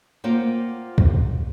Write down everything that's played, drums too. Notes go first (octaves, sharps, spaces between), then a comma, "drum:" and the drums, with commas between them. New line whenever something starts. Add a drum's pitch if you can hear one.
A#3 F4 C5 D5 F#5 G5
drum: kick